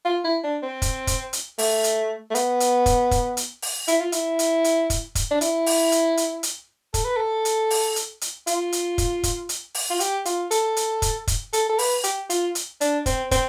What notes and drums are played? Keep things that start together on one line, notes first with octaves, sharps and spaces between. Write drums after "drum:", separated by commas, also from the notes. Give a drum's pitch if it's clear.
F4
E4
D4
C4
drum: kick, hi-hat
drum: kick, hi-hat
drum: hi-hat
A3, drum: open hi-hat
drum: hi-hat
A3
B3, drum: hi-hat
drum: hi-hat
drum: kick, hi-hat
drum: kick, hi-hat
drum: hi-hat
drum: open hi-hat
E4, drum: hi-hat
F4
E4, drum: hi-hat
drum: hi-hat
drum: hi-hat
drum: kick, hi-hat
drum: kick, hi-hat
D4
E4, drum: hi-hat
drum: open hi-hat
drum: hi-hat
drum: hi-hat
drum: hi-hat
A4, drum: kick, hi-hat
B4
A4
drum: hi-hat
drum: open hi-hat
drum: hi-hat
drum: hi-hat
F4, drum: hi-hat
drum: hi-hat
drum: kick, hi-hat
drum: kick, hi-hat
drum: hi-hat
drum: open hi-hat
F4
G4, drum: hi-hat
F4, drum: hi-hat
A4, drum: hi-hat
drum: hi-hat
drum: kick, hi-hat
drum: kick, hi-hat
A4, drum: hi-hat
A4
B4, drum: open hi-hat
G4, drum: hi-hat
F4, drum: hi-hat
drum: hi-hat
D4, drum: hi-hat
C4, drum: kick, hi-hat
C4, drum: kick, hi-hat